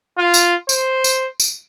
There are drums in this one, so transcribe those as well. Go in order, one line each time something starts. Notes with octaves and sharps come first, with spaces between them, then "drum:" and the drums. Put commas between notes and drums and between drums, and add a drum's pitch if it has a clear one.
F4
drum: tambourine
C5, drum: tambourine
drum: tambourine
drum: tambourine